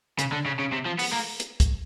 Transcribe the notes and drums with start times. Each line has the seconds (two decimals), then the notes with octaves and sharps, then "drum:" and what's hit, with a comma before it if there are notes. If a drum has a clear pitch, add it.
0.19 C#3, drum: hi-hat
0.32 D3
0.46 C#3
0.59 C#3
0.73 C3
0.86 F3
0.99 B3, drum: open hi-hat
1.13 A#3
1.40 drum: hi-hat
1.60 drum: kick C2, hi-hat